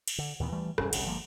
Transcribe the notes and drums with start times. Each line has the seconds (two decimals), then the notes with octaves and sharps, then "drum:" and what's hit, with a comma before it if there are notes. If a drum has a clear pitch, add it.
0.08 drum: cymbal
0.18 D3
0.40 D#2 A#2 E3 B3
0.52 E3 G3 A3
0.78 E1 G2 C#4, drum: rim click
0.93 G1 C2 A#2 C#3, drum: cymbal
1.05 G1 F3 G#3 A#3